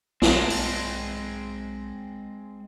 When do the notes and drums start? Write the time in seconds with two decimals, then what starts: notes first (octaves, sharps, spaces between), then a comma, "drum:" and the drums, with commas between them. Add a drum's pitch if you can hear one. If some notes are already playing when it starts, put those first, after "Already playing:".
0.22 B1 G#3 C4, drum: snare
0.50 drum: open hi-hat